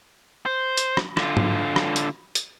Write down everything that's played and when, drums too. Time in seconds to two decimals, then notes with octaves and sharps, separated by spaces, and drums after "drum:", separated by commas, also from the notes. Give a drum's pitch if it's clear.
0.46 C5
0.77 drum: hi-hat
0.97 drum: rim click
1.17 D3 F4, drum: rim click
1.37 drum: tom
1.76 drum: rim click
1.96 drum: hi-hat
2.35 drum: hi-hat